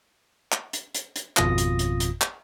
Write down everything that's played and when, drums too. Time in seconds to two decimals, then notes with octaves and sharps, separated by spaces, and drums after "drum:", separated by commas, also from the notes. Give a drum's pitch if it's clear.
0.52 drum: clap
0.73 drum: hi-hat
0.95 drum: hi-hat
1.16 drum: hi-hat
1.37 G#1 F2 B2 F4 D#6 A#6, drum: clap
1.58 drum: hi-hat
1.79 drum: hi-hat
2.00 drum: hi-hat
2.21 drum: clap